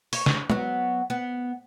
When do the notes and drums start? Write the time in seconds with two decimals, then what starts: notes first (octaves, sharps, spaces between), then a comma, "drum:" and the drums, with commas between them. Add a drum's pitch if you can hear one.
0.13 C#5, drum: open hi-hat
0.26 drum: snare
0.50 F#3 B3, drum: tom
1.10 B3